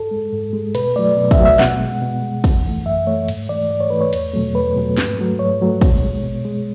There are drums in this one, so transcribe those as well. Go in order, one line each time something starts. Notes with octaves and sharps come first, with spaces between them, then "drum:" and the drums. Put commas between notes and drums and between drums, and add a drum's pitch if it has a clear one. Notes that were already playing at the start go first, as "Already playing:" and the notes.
Already playing: G#2 A4
G#3
G#2
G#3
B2 B4, drum: cymbal
F#3 A3 D5
B2
E5, drum: kick, cymbal
F#3 A3
E5
B2 F#5, drum: snare
G#3
B2
G#3
F#2, drum: kick, cymbal
E3 A3
F#2 E5
E3 A3 C#5
G#2, drum: cymbal
E3 A3 D5
G#2 D5
C#5
E3 A3 B4
C#5
E2, drum: cymbal
B2 F#3 A3
E2 B4
B2 F#3 A3
G#2, drum: snare
F#3 A3
G#2 C#5
F#3 A3
B2, drum: kick, cymbal
G#3
B2
G#3